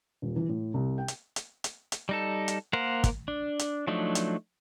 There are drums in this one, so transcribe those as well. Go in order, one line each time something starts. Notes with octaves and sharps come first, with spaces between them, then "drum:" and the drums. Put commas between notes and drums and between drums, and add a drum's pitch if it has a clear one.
D#1
E3
A2
C2
G5
drum: hi-hat
drum: hi-hat
drum: hi-hat
drum: hi-hat
G3 D#4 A4
drum: hi-hat
A#3 A#4 C5 F5 F#5
drum: kick, hi-hat
D4
drum: hi-hat
F3 F#3 A3 D4 D#4
drum: hi-hat